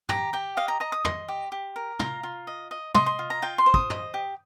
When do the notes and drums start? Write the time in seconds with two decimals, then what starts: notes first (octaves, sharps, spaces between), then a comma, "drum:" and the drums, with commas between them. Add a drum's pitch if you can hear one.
0.09 G4 A#5, drum: tom
0.33 G4 G5
0.57 D#5 F5
0.68 A#5
0.80 D#5 A#5
0.92 D#6
1.05 D#5 C6, drum: tom
1.28 G4
1.52 G4
1.76 A#4
1.99 F4 A#5, drum: tom
2.23 F4
2.47 D#5
2.71 D#5
2.94 D#5 C6, drum: tom
3.06 C6
3.19 F4
3.30 A#5
3.42 F4 G5
3.58 C6
3.66 C5
3.74 D#6, drum: kick
3.90 D#5, drum: tom
4.14 G4